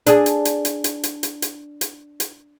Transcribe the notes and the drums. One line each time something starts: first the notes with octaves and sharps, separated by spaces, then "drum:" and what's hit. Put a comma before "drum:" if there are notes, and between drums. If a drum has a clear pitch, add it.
D4 G#4, drum: hi-hat
drum: hi-hat
drum: hi-hat
drum: hi-hat
drum: hi-hat
drum: hi-hat
drum: hi-hat
drum: hi-hat
drum: hi-hat
drum: hi-hat